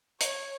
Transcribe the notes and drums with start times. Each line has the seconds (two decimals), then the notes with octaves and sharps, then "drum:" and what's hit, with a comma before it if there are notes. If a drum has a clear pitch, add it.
0.21 C#5, drum: hi-hat